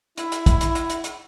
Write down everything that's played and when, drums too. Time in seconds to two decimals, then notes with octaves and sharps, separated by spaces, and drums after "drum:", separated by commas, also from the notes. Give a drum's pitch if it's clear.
0.18 E4, drum: hi-hat
0.32 drum: hi-hat
0.46 drum: kick, hi-hat
0.61 drum: hi-hat
0.75 drum: hi-hat
0.90 drum: hi-hat
1.04 drum: hi-hat